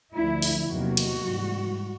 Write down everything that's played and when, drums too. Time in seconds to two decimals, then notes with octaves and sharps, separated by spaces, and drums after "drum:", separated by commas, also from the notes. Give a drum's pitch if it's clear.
0.14 D2 D3 F3 E4
0.42 drum: open hi-hat
0.70 E2 C3 D#3 F#3 A#3 F#4
0.97 drum: cymbal
1.25 G#2 E3 G3